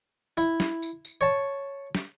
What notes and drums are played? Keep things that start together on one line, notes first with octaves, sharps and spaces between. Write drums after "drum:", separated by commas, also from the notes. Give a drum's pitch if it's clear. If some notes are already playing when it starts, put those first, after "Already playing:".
E4, drum: tambourine
drum: snare
drum: tambourine
drum: tambourine
C#5 A5
drum: snare